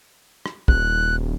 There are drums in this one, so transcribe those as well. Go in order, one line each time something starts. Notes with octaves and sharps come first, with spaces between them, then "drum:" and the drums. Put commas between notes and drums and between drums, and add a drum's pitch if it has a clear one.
drum: rim click
D#1 F#6, drum: kick